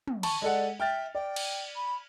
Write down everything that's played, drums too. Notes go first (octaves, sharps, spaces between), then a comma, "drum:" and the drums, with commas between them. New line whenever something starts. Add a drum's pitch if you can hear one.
drum: tom
A5 C#6, drum: cymbal
G#3 A4 D5 F#5
E5 G5 F6 A6
D5 G5
drum: cymbal
B5